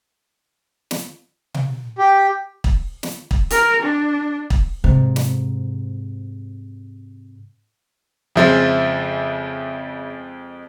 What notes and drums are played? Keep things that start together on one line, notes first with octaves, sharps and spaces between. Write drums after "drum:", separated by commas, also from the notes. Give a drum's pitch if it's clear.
drum: snare
drum: tom B2
G4
drum: kick
drum: snare
drum: kick
A#4, drum: hi-hat
D4
drum: kick
G#2 C3
drum: snare
F2 C#3 F3 G#3 E5 A6